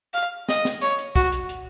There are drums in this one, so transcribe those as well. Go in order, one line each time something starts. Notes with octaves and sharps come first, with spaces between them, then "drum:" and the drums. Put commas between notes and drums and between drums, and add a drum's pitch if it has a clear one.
F5
D#5, drum: snare
drum: snare
C#5, drum: hi-hat
drum: hi-hat
F#4, drum: kick, hi-hat
drum: hi-hat
drum: hi-hat